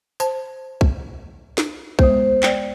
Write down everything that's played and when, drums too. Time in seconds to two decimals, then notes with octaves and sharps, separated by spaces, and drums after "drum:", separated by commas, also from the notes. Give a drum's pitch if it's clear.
0.20 C5 A5, drum: tambourine
0.81 drum: kick B1
1.58 drum: snare
1.99 G#3 B3 C5, drum: kick B1
2.43 D5 G5, drum: clap